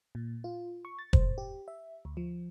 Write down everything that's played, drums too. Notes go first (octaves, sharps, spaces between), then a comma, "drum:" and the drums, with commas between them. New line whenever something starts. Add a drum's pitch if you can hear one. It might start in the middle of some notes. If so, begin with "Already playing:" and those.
A#2
F4
C#6
A6
C5, drum: kick
G4
E5
D2
F3